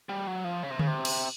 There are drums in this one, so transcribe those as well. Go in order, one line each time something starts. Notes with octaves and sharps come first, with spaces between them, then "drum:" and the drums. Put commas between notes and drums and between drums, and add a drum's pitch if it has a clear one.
G3
F#3
F3
C#3
C3
C#3, drum: tom D3
C3
drum: cymbal